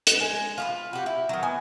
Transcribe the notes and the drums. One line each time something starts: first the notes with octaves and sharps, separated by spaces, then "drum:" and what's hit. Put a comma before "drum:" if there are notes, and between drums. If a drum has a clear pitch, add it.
drum: hi-hat
G#3
F4 G4 B4
F#4 G4
E4
D#3 F#3
B3 G#5